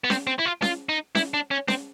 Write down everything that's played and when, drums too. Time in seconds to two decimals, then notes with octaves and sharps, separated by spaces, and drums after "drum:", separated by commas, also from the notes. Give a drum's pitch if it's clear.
0.04 B3
0.10 C4, drum: snare C#4
0.27 C4
0.39 E4
0.46 F4
0.62 F4, drum: snare C#4
0.89 D#4
1.15 E4, drum: snare C#4
1.34 D4
1.51 C#4
1.68 C4, drum: snare C#4